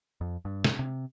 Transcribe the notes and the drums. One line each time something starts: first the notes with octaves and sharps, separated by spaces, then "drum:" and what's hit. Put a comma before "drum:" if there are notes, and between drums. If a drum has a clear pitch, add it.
F2
G2
drum: snare
C3